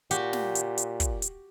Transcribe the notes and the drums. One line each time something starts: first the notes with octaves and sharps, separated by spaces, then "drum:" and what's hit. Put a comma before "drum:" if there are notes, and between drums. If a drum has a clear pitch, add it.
A#2 F#4 G4, drum: hi-hat
drum: snare
drum: hi-hat
drum: hi-hat
drum: kick, hi-hat
drum: hi-hat